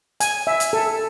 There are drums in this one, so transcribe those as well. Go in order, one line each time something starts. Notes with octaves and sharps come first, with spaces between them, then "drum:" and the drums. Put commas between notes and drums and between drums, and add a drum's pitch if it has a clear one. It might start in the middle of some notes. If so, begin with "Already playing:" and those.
G#5, drum: hi-hat
E5
drum: hi-hat
A4